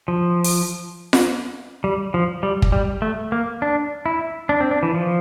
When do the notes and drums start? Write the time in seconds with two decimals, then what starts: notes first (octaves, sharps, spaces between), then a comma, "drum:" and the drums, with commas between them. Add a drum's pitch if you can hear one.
0.08 F3
0.44 drum: open hi-hat
1.13 drum: snare F4
1.84 G3
2.14 F3
2.43 G3
2.62 drum: kick
2.72 G3
3.02 A3
3.32 A#3
3.62 D4
4.06 E4
4.49 D4
4.60 C4
4.71 D4
4.83 E3
4.94 F3